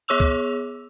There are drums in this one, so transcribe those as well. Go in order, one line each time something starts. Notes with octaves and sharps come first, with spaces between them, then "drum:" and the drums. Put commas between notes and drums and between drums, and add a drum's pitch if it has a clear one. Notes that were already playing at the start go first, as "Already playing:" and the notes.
B3 G#4 C#5 D6 E6 F7
drum: kick C#2